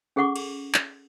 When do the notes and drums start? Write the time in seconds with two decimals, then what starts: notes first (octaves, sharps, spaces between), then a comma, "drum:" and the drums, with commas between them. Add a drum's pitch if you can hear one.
0.16 C#4 G#4 A4 F#5 C#6 D6
0.36 drum: cymbal
0.74 drum: clap